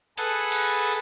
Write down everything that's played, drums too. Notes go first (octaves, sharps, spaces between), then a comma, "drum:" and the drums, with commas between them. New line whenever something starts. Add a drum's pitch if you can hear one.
G#4 A4 B4 F#5, drum: hi-hat
drum: cymbal